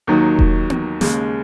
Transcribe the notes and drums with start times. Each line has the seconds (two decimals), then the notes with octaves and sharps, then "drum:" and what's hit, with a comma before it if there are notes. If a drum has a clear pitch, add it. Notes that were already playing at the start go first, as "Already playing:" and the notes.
0.07 D#2 D#3 F#3 D#4
0.39 drum: kick E1
0.70 drum: tom B3
1.01 D#2 C#3 G#3, drum: snare